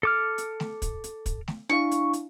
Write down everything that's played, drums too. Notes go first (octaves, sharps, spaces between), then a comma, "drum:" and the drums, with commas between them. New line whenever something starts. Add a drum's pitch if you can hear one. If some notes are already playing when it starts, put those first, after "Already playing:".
A4 D6 F6
drum: hi-hat
drum: snare A3
drum: kick, hi-hat
drum: hi-hat
drum: kick, hi-hat
drum: snare A3
D4 E4 F5 C#6
drum: hi-hat
drum: hi-hat